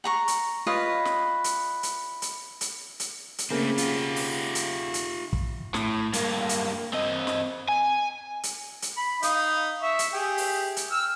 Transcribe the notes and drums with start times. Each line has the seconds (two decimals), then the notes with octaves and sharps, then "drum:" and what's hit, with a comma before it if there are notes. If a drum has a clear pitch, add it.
0.04 F#5 A#5 C#6
0.28 drum: hi-hat
0.67 F4 B4 C#5 D#5
1.05 drum: snare
1.44 drum: hi-hat
1.83 drum: hi-hat
2.22 drum: hi-hat
2.61 drum: hi-hat
3.00 drum: hi-hat
3.38 drum: hi-hat
3.50 C#3 A3 A#3 C4
3.78 F4 G4, drum: hi-hat
4.16 drum: open hi-hat
4.55 drum: hi-hat
4.94 drum: hi-hat
5.33 drum: kick
5.74 A2, drum: snare
6.13 G2 A#3, drum: hi-hat
6.49 drum: hi-hat
6.93 C4 D#5
7.27 drum: snare
7.68 G#5
8.43 drum: hi-hat
8.82 drum: hi-hat
8.97 B5
9.23 D#4 F5 D#6, drum: hi-hat
9.82 E5 C#6
9.99 drum: hi-hat
10.13 G4 G#4
10.38 drum: open hi-hat
10.77 drum: hi-hat
10.91 E6 F6